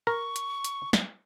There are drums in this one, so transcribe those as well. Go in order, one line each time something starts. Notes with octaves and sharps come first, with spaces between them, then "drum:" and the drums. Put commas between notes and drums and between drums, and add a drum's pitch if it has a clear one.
A#4 C#6
drum: hi-hat
drum: hi-hat
drum: snare